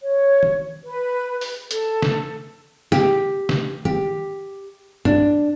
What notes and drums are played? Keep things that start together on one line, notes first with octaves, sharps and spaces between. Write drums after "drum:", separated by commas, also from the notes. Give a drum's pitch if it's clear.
C#5
drum: tom D#3
B4
drum: open hi-hat
A4, drum: hi-hat
drum: snare
G4, drum: snare
drum: snare
G4, drum: tom
D4, drum: tom